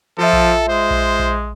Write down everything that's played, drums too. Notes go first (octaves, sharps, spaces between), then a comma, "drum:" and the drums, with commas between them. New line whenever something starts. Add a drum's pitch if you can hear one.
F3 F4 A4 E5
drum: kick A#1
G#3 C5
drum: kick A#1
drum: kick A#1